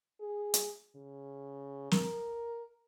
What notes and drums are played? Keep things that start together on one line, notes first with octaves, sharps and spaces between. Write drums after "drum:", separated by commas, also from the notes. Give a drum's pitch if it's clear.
G#4
drum: hi-hat
C#3
A#4, drum: snare